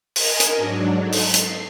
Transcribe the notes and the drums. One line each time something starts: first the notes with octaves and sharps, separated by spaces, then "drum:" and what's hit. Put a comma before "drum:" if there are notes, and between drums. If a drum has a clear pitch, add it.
A#4 D#5 G#5, drum: open hi-hat
drum: hi-hat
G#2 F#3 D4
D#4 A4
drum: open hi-hat
C7, drum: hi-hat